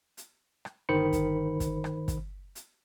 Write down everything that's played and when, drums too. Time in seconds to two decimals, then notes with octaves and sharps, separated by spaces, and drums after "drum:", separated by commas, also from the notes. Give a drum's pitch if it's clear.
0.17 drum: hi-hat
0.65 drum: rim click
0.89 G1 D#3 C5 B5 C#7
1.13 drum: kick, hi-hat
1.60 drum: kick, hi-hat
1.84 drum: rim click
2.08 drum: kick, hi-hat
2.55 drum: hi-hat